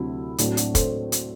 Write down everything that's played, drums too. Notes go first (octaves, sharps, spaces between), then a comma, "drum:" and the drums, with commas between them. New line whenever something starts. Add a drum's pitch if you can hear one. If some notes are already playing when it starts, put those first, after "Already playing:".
Already playing: D2 C3 F#3 C4 E4
A2 F#3 C4 D4 F#4, drum: hi-hat
D4 F#4, drum: hi-hat
A4 C5, drum: kick, hi-hat
drum: hi-hat